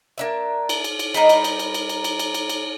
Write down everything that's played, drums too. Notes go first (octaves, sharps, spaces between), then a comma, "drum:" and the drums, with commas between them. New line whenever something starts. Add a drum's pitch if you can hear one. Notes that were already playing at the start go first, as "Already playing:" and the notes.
A#3 D4 E5
drum: cymbal
drum: cymbal
drum: cymbal
G3 D#4 A#4, drum: cymbal
drum: cymbal
drum: cymbal
drum: cymbal
drum: cymbal
drum: cymbal
drum: cymbal
drum: cymbal
drum: cymbal
drum: cymbal